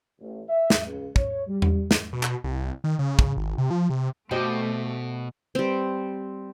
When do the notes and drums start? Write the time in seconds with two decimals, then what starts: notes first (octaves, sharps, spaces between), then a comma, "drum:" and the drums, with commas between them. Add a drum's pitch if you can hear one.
0.20 A1
0.49 E5
0.70 drum: snare
0.86 C#2
1.16 C#5, drum: kick
1.47 G3
1.62 drum: tom E2
1.91 drum: snare
2.13 B2
2.23 drum: clap
2.44 C2
2.84 D#3
2.99 C#3
3.19 drum: kick
3.37 G#1
3.58 C3
3.70 F3
3.90 C3
4.31 B2 A3 F#4 G4 A4 C5 D#5 G5
5.55 G3 C4